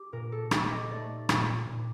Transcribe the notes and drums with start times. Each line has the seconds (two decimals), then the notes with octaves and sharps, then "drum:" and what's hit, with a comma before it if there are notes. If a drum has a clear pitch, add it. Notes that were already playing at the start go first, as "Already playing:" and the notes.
Already playing: G4
0.12 A#2 A#4
0.32 A4
0.51 D#4 G4, drum: rim click
0.71 D#5
0.90 A3 D5
1.29 A#2, drum: rim click
1.68 A#2